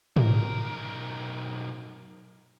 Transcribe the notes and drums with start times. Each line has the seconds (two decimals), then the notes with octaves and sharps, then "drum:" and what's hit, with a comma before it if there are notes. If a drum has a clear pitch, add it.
0.16 B1 A#4, drum: tom